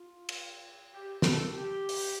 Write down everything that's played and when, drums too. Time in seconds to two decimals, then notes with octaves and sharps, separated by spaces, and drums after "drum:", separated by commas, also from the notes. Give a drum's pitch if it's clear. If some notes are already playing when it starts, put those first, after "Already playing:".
Already playing: F4
0.29 drum: cymbal
0.92 G4
1.22 A4, drum: snare
1.52 G4
1.89 drum: open hi-hat